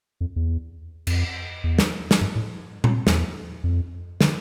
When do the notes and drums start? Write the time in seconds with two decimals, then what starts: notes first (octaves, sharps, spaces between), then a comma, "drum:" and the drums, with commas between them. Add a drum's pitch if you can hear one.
0.21 F2
0.36 E2
1.07 F2, drum: cymbal
1.64 E2
1.78 drum: snare
2.11 drum: snare
2.21 G2
2.35 A2
2.84 drum: tom A#2
3.07 E2, drum: snare
3.64 F2
4.21 D3, drum: snare